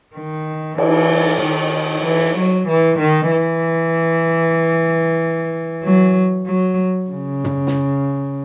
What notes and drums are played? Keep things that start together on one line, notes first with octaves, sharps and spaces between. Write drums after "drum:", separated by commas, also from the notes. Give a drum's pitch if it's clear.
D#3
E3, drum: cymbal
D#3
E3
F#3
E3
D#3
E3
F#3
F#3
C#3
drum: tom
drum: snare